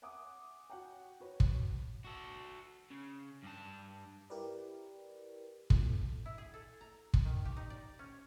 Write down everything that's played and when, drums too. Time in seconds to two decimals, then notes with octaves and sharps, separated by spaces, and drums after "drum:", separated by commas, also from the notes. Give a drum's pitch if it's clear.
0.02 E5 F#5 G#5 D6 D#6
0.70 F#4 F#5 G5
1.20 F#4 B4 C#5
1.40 drum: kick
2.05 F#4 A4
2.90 C#3
3.44 G2 A5
4.30 E4 G4 A#4 B4 D5
5.70 E2 G2 B2 F3 A3, drum: kick
6.26 E4
6.38 G#4
6.54 A4
6.81 A#5
7.14 drum: kick
7.25 D#3
7.45 G4
7.57 D#4
7.70 D5
7.99 C#4